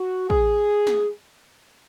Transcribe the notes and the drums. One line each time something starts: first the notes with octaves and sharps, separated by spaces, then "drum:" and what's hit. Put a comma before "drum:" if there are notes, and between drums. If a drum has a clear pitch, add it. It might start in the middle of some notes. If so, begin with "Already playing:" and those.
Already playing: F#4
G#4, drum: kick
drum: snare